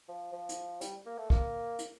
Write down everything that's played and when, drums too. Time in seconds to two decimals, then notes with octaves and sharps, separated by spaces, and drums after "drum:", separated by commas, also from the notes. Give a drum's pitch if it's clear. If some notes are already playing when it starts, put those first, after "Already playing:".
0.09 F3
0.33 F3
0.49 drum: hi-hat
0.81 G3, drum: hi-hat
1.06 A#3
1.18 A3
1.30 A#3, drum: kick
1.79 drum: hi-hat